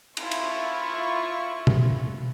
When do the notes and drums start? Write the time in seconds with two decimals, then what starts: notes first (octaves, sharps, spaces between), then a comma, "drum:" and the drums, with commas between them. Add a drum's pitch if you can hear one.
0.17 E4 F4 C#6, drum: cymbal
0.31 drum: cymbal
1.67 drum: tom